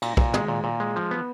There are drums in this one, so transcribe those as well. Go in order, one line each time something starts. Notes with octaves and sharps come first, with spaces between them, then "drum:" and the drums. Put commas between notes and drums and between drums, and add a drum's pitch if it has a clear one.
A#2, drum: cymbal
A#2, drum: kick
G#3, drum: tom
A#2
A#2
G#3
F3
B3